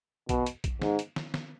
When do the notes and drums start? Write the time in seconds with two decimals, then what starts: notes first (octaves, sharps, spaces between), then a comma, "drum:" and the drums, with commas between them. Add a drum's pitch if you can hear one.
0.29 B2, drum: kick A#1, hi-hat
0.46 drum: hi-hat
0.64 drum: kick A#1, hi-hat
0.82 G#2, drum: snare
0.99 drum: hi-hat
1.16 drum: snare
1.34 drum: snare